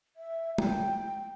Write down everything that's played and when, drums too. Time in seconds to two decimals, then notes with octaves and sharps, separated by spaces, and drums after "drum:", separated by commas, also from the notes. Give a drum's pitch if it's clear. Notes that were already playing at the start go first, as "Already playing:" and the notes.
0.17 E5
0.58 G5, drum: tom